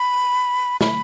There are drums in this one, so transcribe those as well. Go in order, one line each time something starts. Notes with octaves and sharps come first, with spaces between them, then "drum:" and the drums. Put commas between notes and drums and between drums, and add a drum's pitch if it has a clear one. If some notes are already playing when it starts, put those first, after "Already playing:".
Already playing: B5
B5, drum: snare